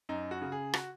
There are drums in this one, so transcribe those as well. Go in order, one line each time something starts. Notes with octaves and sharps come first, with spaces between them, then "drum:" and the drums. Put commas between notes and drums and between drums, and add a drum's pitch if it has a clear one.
F#2 D#4
F#4
C#3
G#4
F#4, drum: rim click